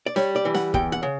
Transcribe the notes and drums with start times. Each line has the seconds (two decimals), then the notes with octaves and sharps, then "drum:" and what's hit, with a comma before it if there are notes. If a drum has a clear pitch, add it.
0.06 D5
0.16 G3 C#5, drum: snare
0.36 D5
0.45 E3
0.55 F#5, drum: snare
0.74 E2 G5, drum: kick
0.92 F#5
1.03 C#3